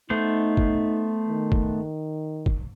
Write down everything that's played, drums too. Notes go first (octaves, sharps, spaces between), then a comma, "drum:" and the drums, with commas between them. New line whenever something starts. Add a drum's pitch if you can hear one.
A3 B3 D#4 C5
drum: kick
D#3
drum: kick
drum: kick